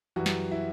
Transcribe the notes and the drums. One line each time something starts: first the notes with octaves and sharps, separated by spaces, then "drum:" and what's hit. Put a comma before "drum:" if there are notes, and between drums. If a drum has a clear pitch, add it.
F#2 E3 G3 F#4
drum: snare
E4